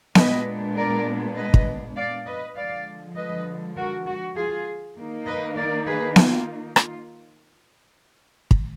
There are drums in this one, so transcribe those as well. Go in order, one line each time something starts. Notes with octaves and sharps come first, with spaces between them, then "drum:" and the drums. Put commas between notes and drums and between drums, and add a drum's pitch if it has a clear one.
A#2 G#3 B3 D4 B4 D#5, drum: snare B3
A#4 D5
B4 D#5
drum: kick
D5 F5
B4 D#5
D3 F3 G#3 D5 F5
B4 D#5
F#4 A#4
F#4
F4 G#4
D#3 A#3 D#4
B4 D#5
A#4 D5
G#4 B4
F4, drum: snare B3
F4, drum: rim click
drum: kick